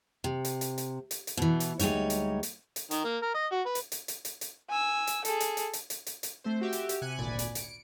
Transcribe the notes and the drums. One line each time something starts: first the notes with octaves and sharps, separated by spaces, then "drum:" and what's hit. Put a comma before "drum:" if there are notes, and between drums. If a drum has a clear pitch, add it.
C3
drum: hi-hat
drum: hi-hat
drum: hi-hat
drum: hi-hat
drum: hi-hat
B2 E3
drum: hi-hat
D2 G3 G#3 D#4 C#5, drum: hi-hat
drum: hi-hat
drum: hi-hat
drum: hi-hat
D#3, drum: hi-hat
A#3
A#4
D#5
F#4
B4
drum: hi-hat
drum: hi-hat
drum: hi-hat
drum: hi-hat
drum: hi-hat
G#5 E6
drum: hi-hat
G#4 A4, drum: hi-hat
drum: hi-hat
drum: hi-hat
drum: hi-hat
drum: hi-hat
drum: hi-hat
drum: hi-hat
A3 C4 C5
F#4 G4 E5
drum: hi-hat
drum: hi-hat
C3 G#5 F#6 C#7 D#7
G#1 D2 A#2 D5 G#5 B5
drum: hi-hat
C#7 D7, drum: hi-hat